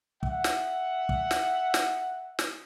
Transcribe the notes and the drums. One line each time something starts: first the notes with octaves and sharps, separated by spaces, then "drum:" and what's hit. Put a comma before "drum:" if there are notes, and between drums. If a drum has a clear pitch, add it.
E5 F#5, drum: kick
drum: snare
drum: kick
drum: snare
drum: snare
drum: snare